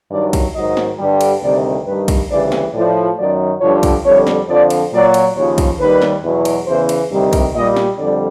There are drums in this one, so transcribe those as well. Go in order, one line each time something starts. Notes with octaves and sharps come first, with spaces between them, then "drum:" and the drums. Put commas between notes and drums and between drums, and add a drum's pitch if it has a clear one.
G2 D#3 F#3 D5
drum: kick, cymbal
G#2 D#3 F#3 D#5
drum: snare
G2 D3 G3
drum: cymbal
D2 C3 D#3 G3 D5
G2 D#3 G3 B4
drum: kick, cymbal
D2 C#3 E3 G3 D5
drum: snare
A2 F3 D5
F#2 D#3 F#3 D5
G2 D3 F3 C#5
drum: kick, cymbal
F2 D3 G3 C#5
drum: snare
F2 D3 F3 D5
drum: cymbal
A#2 F#3 D5
drum: cymbal
D#2 C#3 F3 C#5
drum: kick, cymbal
D#2 D#3 G3 B4
drum: snare
E2 B2 F#3
drum: cymbal
E2 C#3 E3 C5
drum: cymbal
D2 C3 D#3 G3
drum: kick, cymbal
A#2 G3 D#5
drum: snare
F2 D3 G3 D5